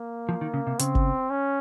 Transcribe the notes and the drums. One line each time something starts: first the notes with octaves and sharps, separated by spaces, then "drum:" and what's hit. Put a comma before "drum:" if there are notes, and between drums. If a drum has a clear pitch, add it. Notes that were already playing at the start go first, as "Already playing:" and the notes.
Already playing: A#3
F3
D#3
C#3
C3
C#3 C4, drum: hi-hat
drum: kick G1
C#4